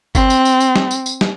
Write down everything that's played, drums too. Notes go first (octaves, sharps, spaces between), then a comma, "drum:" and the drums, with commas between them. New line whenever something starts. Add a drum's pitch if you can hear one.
C4, drum: kick G1, tambourine
drum: tambourine
drum: tambourine
drum: tambourine
drum: snare
drum: tambourine
drum: tambourine
drum: snare